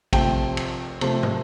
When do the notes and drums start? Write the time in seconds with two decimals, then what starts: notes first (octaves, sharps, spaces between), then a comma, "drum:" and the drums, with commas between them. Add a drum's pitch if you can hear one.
0.13 C3 F3 A3 C4 G5, drum: kick A#1, cymbal
0.57 drum: cymbal
1.01 C3 F3 A3 C4, drum: cymbal
1.23 drum: tom